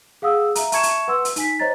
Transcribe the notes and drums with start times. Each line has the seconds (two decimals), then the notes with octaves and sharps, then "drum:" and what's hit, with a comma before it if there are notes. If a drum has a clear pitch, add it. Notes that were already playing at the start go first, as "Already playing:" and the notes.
0.22 G#4 F5 F#5 D#6 E6
0.55 E5 A#5, drum: hi-hat
0.72 E5 A5 C#6 G#6 C#7 E7, drum: hi-hat
0.83 drum: hi-hat
1.08 B4 F#5 C6 E6
1.25 drum: hi-hat
1.36 D#4 G#5 B6, drum: hi-hat
1.59 C5 C#5 D#5 A#5 A6